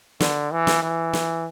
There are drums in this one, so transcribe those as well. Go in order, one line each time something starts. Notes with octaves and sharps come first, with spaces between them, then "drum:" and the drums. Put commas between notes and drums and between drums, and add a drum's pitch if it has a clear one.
D3, drum: snare
E3
drum: snare
E3
drum: snare